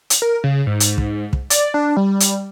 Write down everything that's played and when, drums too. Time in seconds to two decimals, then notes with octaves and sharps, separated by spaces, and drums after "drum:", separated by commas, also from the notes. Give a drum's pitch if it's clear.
0.10 drum: hi-hat
0.22 A#4
0.44 C#3
0.67 G#2
0.80 drum: hi-hat
0.98 drum: kick
1.33 drum: kick
1.50 D5, drum: hi-hat
1.74 D4
1.97 G3
2.20 drum: hi-hat